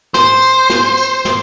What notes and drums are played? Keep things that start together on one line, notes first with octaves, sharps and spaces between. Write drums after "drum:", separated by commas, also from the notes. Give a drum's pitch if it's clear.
C5, drum: snare
drum: tambourine
drum: snare
drum: tambourine
drum: snare